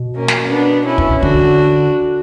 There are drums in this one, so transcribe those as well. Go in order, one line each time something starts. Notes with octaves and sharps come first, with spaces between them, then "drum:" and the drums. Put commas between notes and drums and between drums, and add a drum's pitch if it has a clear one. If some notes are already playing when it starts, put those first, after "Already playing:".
Already playing: B2
A#3 C#4
drum: snare
B3 D4
C#4 E4
drum: kick
D3 D4 F#4, drum: kick